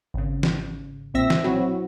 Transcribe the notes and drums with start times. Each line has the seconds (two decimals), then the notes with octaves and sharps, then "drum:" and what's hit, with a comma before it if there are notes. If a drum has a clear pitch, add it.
0.14 G#1 C#3
0.43 drum: snare
1.14 B1 A#2 C4 E5 E6 A#6
1.30 drum: snare
1.44 F#3 C4 E4 F#4